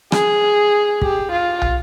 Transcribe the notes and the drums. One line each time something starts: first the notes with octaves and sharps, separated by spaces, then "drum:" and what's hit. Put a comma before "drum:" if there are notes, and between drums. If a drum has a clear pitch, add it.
G#4, drum: rim click
G4, drum: kick
F4
drum: tom